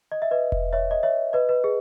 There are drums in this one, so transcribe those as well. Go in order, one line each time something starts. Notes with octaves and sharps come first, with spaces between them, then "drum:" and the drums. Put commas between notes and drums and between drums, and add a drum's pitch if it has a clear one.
D#5
E5
B4 D#5
drum: kick E1
C#5 E5
D#5
C#5 E5
B4 D#5
B4
G#4